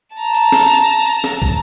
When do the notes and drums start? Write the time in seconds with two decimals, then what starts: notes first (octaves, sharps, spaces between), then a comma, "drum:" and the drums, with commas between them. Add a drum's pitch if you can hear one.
0.17 A5 A#5
0.34 drum: hi-hat
0.52 drum: snare
0.70 drum: hi-hat
1.06 drum: hi-hat
1.24 drum: snare
1.42 drum: kick, hi-hat